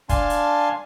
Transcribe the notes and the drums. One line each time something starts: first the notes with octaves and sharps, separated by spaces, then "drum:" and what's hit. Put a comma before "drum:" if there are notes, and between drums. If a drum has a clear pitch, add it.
D4 F5 G#5 A5 C6, drum: kick, hi-hat
drum: hi-hat